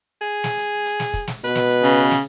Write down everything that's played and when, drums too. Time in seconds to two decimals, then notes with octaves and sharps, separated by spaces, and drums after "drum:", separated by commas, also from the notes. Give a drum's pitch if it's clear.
0.21 G#4
0.44 drum: snare
0.58 drum: hi-hat
0.86 drum: hi-hat
1.00 drum: snare
1.14 drum: kick, hi-hat
1.27 drum: snare
1.44 B2 B4, drum: hi-hat
1.55 drum: snare
1.69 drum: hi-hat
1.83 C#3
1.97 drum: hi-hat
2.11 drum: snare